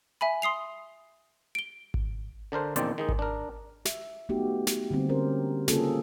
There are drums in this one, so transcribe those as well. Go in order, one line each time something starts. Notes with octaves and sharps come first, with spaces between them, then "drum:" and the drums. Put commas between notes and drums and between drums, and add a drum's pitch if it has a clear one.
E5 G#5 B5
C6 D#6 C7 F7
D7 G7
drum: kick G#1
D3 D4 A#4 C5
A#1 E2 D#3 C4 C5 D5, drum: hi-hat
D#3 G#3 D#4
drum: kick G#1
D4 A#4
E5, drum: snare
A3 B3 D#4 F#4 G4
drum: snare
D3 G3 A#3 C4
C#4 G4 A#4 C5
C#3 A#3 C#4 F4 G#4 A4, drum: snare